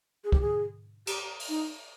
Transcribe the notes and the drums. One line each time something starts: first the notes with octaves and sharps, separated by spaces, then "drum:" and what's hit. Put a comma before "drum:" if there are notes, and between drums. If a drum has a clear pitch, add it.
G#4
G4, drum: kick
G#4
G4, drum: cymbal
drum: open hi-hat
D#4